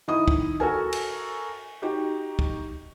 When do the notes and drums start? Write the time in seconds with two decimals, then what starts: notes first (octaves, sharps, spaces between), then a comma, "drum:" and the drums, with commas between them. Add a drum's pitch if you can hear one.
0.08 D#3 E4 D#5 D#6
0.28 drum: kick
0.60 F#4 A4 A#4 G#5
0.92 drum: cymbal
1.82 D#4 F#4 G4
2.39 drum: kick